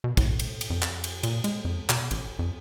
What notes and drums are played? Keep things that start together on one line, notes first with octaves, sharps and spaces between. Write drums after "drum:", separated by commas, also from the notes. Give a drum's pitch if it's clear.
B2
A2, drum: kick, cymbal
drum: cymbal
drum: cymbal
F2
drum: clap
drum: cymbal
A#2, drum: cymbal
G#3, drum: cymbal
F2
B2, drum: clap
A1, drum: cymbal
F2